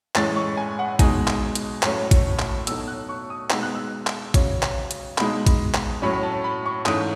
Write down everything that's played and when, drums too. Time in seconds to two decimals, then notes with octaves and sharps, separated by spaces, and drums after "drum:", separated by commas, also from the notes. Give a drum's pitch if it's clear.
0.16 A2 E3 G#3 C#4 A6, drum: clap
0.36 C#6
0.57 G#5
0.79 F#5
0.99 B2 G#3 D#4 G#5, drum: kick, hi-hat
1.27 drum: clap
1.55 drum: hi-hat
1.83 A2 F#3 A3 C#4, drum: clap
2.11 drum: kick, hi-hat
2.39 drum: clap
2.67 B2 F#3 A3 D#4 E6, drum: hi-hat
2.88 F#6
3.09 C#6
3.30 D#6
3.50 B2 G#3 B3 D#4 E6, drum: clap
3.63 F#6
3.75 E6
4.07 drum: clap
4.34 C#3 F#3 C#4, drum: kick, hi-hat
4.63 drum: clap
4.91 drum: hi-hat
5.18 B2 G#3 D#4 B5, drum: clap
5.46 drum: kick, hi-hat
5.74 drum: clap
6.02 A2 F#3 C#4 B5
6.13 B5
6.23 A5
6.44 B5
6.66 C#6
6.86 G#2 E3 A3 C#4 D#6, drum: clap